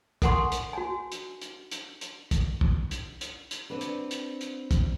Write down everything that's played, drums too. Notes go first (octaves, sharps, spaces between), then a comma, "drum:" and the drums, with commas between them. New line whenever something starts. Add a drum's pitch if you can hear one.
A4 A#4 F#5 G#5 C6 C#6, drum: kick, hi-hat
drum: hi-hat
F#4 G#5
drum: hi-hat
drum: hi-hat
drum: hi-hat
drum: hi-hat
drum: kick, hi-hat
drum: kick
drum: hi-hat
drum: hi-hat
drum: hi-hat
C4 D4 F#4 B4
drum: hi-hat
drum: hi-hat
drum: hi-hat
drum: kick, hi-hat